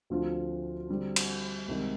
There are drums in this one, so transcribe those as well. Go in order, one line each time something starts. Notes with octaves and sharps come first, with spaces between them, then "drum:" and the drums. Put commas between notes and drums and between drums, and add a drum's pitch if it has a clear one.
D2 D3 F3 C4 F4
D3 G3 C4
drum: cymbal
C2 C3 D#3 G#3